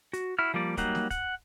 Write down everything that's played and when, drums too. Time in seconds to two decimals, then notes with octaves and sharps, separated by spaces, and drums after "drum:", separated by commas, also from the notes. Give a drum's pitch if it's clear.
0.13 F#4, drum: hi-hat
0.39 E4 F#4 F6
0.54 F3 G3 A#3 D5
0.77 F#3 G3 A#3 D#4 F#5, drum: kick, hi-hat
0.95 drum: snare
1.11 F#5, drum: kick, hi-hat